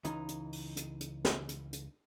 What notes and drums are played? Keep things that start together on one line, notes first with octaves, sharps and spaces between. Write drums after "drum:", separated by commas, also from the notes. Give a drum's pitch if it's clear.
C#2 E3 D#4, drum: hi-hat
drum: hi-hat
drum: open hi-hat
drum: hi-hat
drum: hi-hat
drum: snare
drum: hi-hat
drum: hi-hat